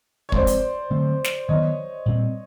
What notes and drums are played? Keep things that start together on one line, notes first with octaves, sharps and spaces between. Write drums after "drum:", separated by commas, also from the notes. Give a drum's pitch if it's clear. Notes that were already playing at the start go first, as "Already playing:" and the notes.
C#5
F3 G#3 C4 C5 D5, drum: kick
drum: hi-hat
D3 F#3 A3 C4
drum: snare
D#3 F#3 B3 C#5 D#5
A#2 G3 C4